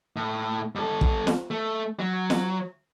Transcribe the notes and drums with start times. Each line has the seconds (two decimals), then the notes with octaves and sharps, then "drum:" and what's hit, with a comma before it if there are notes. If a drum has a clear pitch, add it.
0.16 A2
0.75 G2 A4
1.01 drum: kick
1.27 drum: snare
1.51 A3
1.99 F#3
2.30 drum: snare